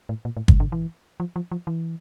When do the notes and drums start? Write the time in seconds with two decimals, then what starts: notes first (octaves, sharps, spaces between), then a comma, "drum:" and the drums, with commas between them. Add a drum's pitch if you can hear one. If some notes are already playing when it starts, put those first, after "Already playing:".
0.09 A2
0.25 A#2
0.37 A2
0.48 G2, drum: kick G1
0.60 D3
0.72 E3
1.20 F3
1.36 F3
1.52 F3
1.67 E3